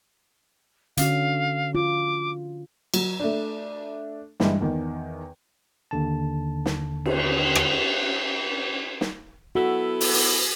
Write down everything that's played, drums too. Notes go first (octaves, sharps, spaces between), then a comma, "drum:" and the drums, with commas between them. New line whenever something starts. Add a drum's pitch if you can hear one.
D3 C#4 F#4 F5, drum: hi-hat
F4 D6
F#3, drum: cymbal
A3 D4
G2 E3 G3 G#3, drum: snare
E2 D#3
D#2 D3 A5
drum: snare
drum: cymbal
drum: rim click
drum: snare
B3 E4 F#4 A4
drum: open hi-hat
drum: open hi-hat